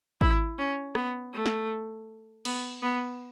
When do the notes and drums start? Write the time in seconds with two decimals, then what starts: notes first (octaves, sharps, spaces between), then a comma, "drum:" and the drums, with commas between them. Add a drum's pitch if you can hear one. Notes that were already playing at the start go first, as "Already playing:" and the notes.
0.21 E4, drum: kick
0.58 C#4
0.95 B3, drum: rim click
1.33 A3
1.46 drum: snare
2.45 B3, drum: cymbal
2.82 B3